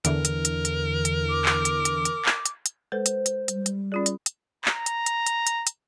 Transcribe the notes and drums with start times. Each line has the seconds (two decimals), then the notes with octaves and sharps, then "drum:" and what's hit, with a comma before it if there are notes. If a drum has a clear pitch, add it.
0.05 E2 D3 E3 A#4, drum: hi-hat
0.25 drum: hi-hat
0.45 drum: hi-hat
0.65 drum: hi-hat
1.05 drum: hi-hat
1.29 D6
1.45 drum: clap
1.65 drum: hi-hat
1.85 drum: hi-hat
2.05 drum: hi-hat
2.25 drum: clap
2.46 drum: hi-hat
2.66 drum: hi-hat
2.92 G#3 A4 B4 C5
3.06 drum: hi-hat
3.26 drum: hi-hat
3.48 G3, drum: hi-hat
3.66 drum: hi-hat
3.92 C#4 F4 G#4 D5
4.06 drum: hi-hat
4.26 drum: hi-hat
4.65 A#5, drum: clap
4.86 drum: hi-hat
5.06 drum: hi-hat
5.26 drum: hi-hat
5.47 drum: hi-hat
5.67 drum: hi-hat